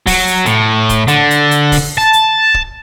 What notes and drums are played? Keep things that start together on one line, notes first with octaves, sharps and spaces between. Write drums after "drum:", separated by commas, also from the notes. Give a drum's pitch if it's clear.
F#3, drum: kick, open hi-hat
drum: hi-hat
A2, drum: hi-hat
drum: kick, hi-hat
D3, drum: hi-hat
drum: hi-hat
drum: hi-hat
drum: kick, open hi-hat
A5
drum: hi-hat
drum: kick